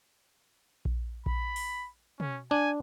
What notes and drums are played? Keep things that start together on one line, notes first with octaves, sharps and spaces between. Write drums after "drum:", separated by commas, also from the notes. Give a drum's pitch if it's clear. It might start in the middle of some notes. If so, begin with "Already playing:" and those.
drum: kick A#1
B5, drum: kick A#1
drum: open hi-hat
C#4, drum: tom
D4 G#5